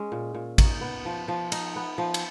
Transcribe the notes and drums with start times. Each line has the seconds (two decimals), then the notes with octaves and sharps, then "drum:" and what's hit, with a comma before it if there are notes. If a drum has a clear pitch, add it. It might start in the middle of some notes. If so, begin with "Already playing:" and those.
Already playing: G#3 C#4
0.12 A#2
0.35 A#2
0.58 D#4 C#5, drum: kick, cymbal
0.81 B3
1.05 F3
1.28 F3
1.52 D#4, drum: cymbal
1.76 B3
1.98 F3
2.14 drum: cymbal